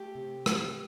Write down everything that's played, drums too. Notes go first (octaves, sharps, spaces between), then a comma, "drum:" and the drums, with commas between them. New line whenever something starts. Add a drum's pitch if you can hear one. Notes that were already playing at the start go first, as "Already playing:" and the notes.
Already playing: A3 G4
C3
B3, drum: rim click